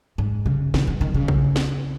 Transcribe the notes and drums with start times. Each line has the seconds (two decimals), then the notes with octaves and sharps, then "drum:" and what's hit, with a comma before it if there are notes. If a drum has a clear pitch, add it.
0.18 G#2
0.46 C#3
0.74 D#3, drum: snare
0.87 E3
1.01 D#3
1.14 C#3
1.28 drum: kick A#1
1.56 drum: snare